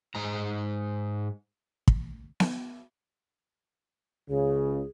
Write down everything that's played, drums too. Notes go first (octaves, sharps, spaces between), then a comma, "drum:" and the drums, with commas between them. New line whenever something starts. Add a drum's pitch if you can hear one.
G#2 A#5
drum: kick
drum: snare B3
C#2 C#3 G#4